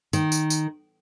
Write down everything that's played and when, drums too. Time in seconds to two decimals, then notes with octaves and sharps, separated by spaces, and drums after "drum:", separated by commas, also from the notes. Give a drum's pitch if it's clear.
0.13 D#3, drum: tambourine
0.32 drum: tambourine
0.50 drum: tambourine